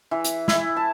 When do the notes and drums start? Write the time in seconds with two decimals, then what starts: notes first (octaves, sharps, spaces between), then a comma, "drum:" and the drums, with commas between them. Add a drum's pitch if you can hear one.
0.11 E3
0.24 drum: hi-hat
0.48 E4, drum: snare
0.77 A5